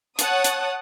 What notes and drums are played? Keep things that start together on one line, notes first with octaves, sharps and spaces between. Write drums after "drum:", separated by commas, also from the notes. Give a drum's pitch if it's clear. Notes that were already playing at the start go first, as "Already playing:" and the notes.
C#5 F#5 A5 D#6, drum: hi-hat
drum: hi-hat